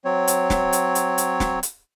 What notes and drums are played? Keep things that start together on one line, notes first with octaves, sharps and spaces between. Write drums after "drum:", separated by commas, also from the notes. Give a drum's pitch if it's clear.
F#3 C4 C#5
drum: hi-hat
drum: snare
drum: hi-hat
drum: hi-hat
drum: hi-hat
drum: snare
drum: hi-hat